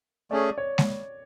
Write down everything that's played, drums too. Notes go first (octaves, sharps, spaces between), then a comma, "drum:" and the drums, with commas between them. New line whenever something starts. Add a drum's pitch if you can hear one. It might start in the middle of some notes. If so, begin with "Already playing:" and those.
A3 C#4 G#4 D5
C#5
drum: snare G#3